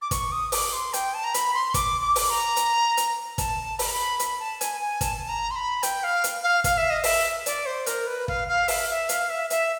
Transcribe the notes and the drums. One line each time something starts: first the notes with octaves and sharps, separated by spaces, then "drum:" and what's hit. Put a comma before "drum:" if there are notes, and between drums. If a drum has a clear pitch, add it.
D6
C#6, drum: kick, hi-hat
D#6
D6, drum: open hi-hat
C6
G5, drum: hi-hat
A5
A#5
B5, drum: hi-hat
C6
D6, drum: kick, hi-hat
D6
drum: open hi-hat
A#5
drum: hi-hat
drum: hi-hat
A5, drum: kick, hi-hat
B5, drum: open hi-hat
A#5
B5
B5, drum: hi-hat
A5
G#5, drum: hi-hat
G#5
A5, drum: kick, hi-hat
A#5
C6
B5
G5, drum: hi-hat
F5
drum: hi-hat
F5
F5, drum: kick, hi-hat
E5
D#5
E5, drum: open hi-hat
D5, drum: hi-hat
C5
A#4, drum: hi-hat
B4
F5, drum: kick
F5
E5, drum: open hi-hat
E5
F5, drum: hi-hat
E5
E5, drum: hi-hat